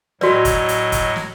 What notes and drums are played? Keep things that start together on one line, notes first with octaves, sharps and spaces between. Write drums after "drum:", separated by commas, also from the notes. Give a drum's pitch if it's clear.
A2 F#3 F#4 D5 D#5, drum: snare
drum: kick, hi-hat
drum: hi-hat
drum: kick, hi-hat
drum: snare